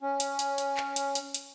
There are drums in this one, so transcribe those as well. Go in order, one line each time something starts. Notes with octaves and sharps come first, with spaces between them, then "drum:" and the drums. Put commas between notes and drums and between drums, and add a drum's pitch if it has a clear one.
C#4
drum: hi-hat
drum: hi-hat
drum: hi-hat
drum: clap
drum: hi-hat
drum: hi-hat
drum: hi-hat